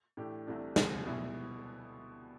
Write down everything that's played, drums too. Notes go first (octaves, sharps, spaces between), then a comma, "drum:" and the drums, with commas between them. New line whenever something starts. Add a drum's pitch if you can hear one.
A2 E3 A3 D4 G4
C2 C3 E3 A3 D4
D2 C3 F3, drum: snare
B2 G3 B3 E4